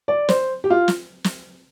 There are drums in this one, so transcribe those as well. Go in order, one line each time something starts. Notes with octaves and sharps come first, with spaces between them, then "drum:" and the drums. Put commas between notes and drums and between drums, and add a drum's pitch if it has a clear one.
D5
C5, drum: snare
G4
F4
drum: snare
drum: snare